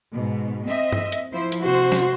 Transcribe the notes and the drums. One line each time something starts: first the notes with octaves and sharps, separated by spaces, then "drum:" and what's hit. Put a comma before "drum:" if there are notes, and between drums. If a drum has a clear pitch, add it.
G#2 B2
C4 D#5 E5
drum: tom G2
drum: hi-hat
F3 E4 C5
drum: hi-hat
C3 F#4 C5
drum: snare